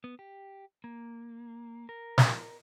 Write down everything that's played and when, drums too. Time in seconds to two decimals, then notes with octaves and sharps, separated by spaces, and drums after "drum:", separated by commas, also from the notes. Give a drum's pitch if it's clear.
0.04 B3
0.19 G4
0.84 A#3
1.89 A#4
2.18 drum: snare